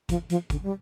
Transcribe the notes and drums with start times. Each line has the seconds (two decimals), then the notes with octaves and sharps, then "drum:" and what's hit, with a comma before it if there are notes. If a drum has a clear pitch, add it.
0.09 F3, drum: kick, hi-hat
0.30 F3, drum: hi-hat
0.50 D3, drum: kick, hi-hat
0.63 G3